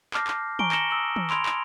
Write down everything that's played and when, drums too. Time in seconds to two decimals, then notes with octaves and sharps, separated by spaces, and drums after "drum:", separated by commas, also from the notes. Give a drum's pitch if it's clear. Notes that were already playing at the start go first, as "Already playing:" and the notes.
0.14 A5 D6 F6 G6 A#6 C7, drum: clap
0.27 drum: clap
0.59 G#5 A#5 C#6 D7 G7, drum: tom
0.72 A#6 C#7 E7 F#7 G7, drum: clap
0.91 D#6 E6 F#7
1.16 drum: tom
1.30 B5 C6 E6 G#6 D7 F7, drum: clap
1.46 drum: clap